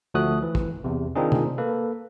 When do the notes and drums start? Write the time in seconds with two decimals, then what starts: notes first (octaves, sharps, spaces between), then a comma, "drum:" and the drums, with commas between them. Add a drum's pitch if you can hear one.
0.14 D2 F3 A3 F#4 D#6 F#6
0.42 E3
0.55 drum: kick
0.84 E2 C3
1.16 D#3 C4 D4 D#4 F4 G#4
1.32 drum: tom
1.58 A#3 A4 B4